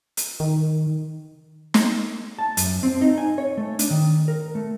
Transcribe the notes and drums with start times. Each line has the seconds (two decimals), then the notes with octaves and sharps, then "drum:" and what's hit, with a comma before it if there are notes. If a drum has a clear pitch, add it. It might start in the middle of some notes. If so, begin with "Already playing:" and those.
0.17 drum: hi-hat
0.40 D#3
1.74 drum: snare
2.39 A5
2.57 F#2, drum: hi-hat
2.83 C4
3.01 D#4
3.18 G#5
3.38 C#5
3.57 A3
3.79 D4, drum: hi-hat
3.90 D#3
4.28 A#4
4.55 A3